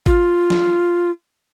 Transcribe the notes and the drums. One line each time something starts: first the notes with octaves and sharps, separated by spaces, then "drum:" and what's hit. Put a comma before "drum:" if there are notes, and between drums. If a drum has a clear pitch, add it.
F4, drum: kick G#1
drum: snare